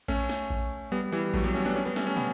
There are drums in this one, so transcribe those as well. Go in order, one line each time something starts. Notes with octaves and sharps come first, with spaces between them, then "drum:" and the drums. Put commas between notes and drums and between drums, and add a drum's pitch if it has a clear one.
A3 C#4, drum: kick A#1
drum: snare
drum: kick A#1
G3 B3
E3 G3
F#3 A3, drum: kick A#1
G3 B3
A3 C#4
B3 D4
A3 C#4
G3 B3
A3 C#4, drum: snare
A3 C#4
G3 B3, drum: tom